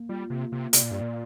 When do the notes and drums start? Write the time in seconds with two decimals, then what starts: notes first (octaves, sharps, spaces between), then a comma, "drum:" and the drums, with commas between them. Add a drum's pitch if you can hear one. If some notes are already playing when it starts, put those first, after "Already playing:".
Already playing: A#3
0.09 G3 F4
0.30 C3 A#3
0.52 C3 A#3
0.73 C3 D5, drum: hi-hat
0.83 A#2
0.91 G2 D5
1.01 A#2